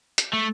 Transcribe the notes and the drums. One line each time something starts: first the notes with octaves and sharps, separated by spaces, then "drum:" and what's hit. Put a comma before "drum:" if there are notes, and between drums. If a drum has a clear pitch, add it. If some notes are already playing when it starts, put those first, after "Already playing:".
drum: hi-hat
A3